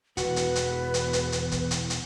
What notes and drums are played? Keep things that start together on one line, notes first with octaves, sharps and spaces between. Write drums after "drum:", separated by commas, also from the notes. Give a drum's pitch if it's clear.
E1 E2 F#4 B4, drum: hi-hat
drum: hi-hat
drum: hi-hat
drum: hi-hat
drum: hi-hat
drum: hi-hat
drum: kick, hi-hat
drum: hi-hat
drum: hi-hat